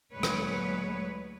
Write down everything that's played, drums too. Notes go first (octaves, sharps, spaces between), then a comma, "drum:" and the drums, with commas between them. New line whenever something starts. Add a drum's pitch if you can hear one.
D2 A#2 F#3 G#3 B4 C#5
drum: rim click